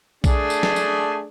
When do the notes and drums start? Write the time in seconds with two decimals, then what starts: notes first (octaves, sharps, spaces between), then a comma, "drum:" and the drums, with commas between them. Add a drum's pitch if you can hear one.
0.24 A3 D4 G#4, drum: kick B1, tambourine
0.50 drum: tambourine
0.63 drum: snare
0.76 drum: tambourine